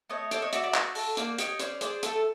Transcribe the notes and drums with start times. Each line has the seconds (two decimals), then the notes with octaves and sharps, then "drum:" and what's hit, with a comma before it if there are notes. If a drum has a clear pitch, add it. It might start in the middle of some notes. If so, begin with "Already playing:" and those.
0.10 A3 C#5 D#5
0.31 A4 C5 D5, drum: hi-hat
0.42 C#5 D#5
0.53 F#4 D5 E5, drum: hi-hat
0.63 D5 E5
0.75 F#4, drum: clap
0.95 A4, drum: open hi-hat
1.17 A#3 C5 D5, drum: hi-hat
1.39 G4 C#5 D#5, drum: hi-hat
1.59 C#4 C5 D5, drum: hi-hat
1.81 G#4 C5 D5, drum: hi-hat
2.03 A3 A4, drum: hi-hat